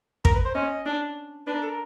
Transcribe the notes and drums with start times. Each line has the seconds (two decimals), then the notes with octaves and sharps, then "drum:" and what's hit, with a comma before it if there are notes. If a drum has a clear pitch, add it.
0.25 A#4, drum: kick
0.34 B4
0.45 C5
0.55 C#4 D#5
0.86 D4
1.47 D4 B4
1.55 A#4
1.62 A4
1.70 A#4